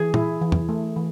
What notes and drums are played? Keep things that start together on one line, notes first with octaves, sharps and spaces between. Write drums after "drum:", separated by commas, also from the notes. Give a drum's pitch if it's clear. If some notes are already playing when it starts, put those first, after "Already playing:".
Already playing: E3 G#4
E4, drum: tom
E3
drum: tom
A3
E3